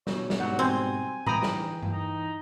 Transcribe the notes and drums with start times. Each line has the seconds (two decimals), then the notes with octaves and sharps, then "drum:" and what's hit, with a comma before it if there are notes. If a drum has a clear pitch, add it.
0.07 B2 C#5, drum: snare
0.30 drum: snare
0.40 G#2 B2 F#3 G3 F#5
0.59 C4 G#5
1.27 E3 G5 A#5 B5 D#6, drum: tom A2
1.43 drum: snare
1.83 drum: tom G2
1.92 D#4